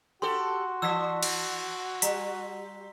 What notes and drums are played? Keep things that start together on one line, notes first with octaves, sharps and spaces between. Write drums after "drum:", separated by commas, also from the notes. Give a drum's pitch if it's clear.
F#4 G4 A4 C6
E3 E6 B6
drum: cymbal
G3 A#5 B6, drum: hi-hat